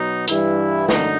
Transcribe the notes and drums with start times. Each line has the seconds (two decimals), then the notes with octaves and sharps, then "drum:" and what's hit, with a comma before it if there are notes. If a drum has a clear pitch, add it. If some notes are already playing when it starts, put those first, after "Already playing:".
Already playing: B2 F#3 D#4
0.27 G2 E3 G3 E4, drum: hi-hat
0.89 F#2 D3 D#4, drum: snare